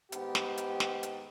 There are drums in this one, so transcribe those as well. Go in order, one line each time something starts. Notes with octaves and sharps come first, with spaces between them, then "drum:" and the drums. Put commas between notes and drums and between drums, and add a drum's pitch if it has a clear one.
D#2 G#2 B3 G4, drum: hi-hat
drum: snare
drum: hi-hat
drum: snare
drum: hi-hat